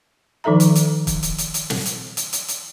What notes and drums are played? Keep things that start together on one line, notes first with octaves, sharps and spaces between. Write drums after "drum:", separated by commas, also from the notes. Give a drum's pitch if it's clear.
D#3 F3 D#4 A4 E5 A#5
drum: hi-hat
drum: hi-hat
drum: kick, hi-hat
drum: hi-hat
drum: hi-hat
drum: hi-hat
drum: snare
drum: hi-hat
drum: hi-hat
drum: hi-hat
drum: hi-hat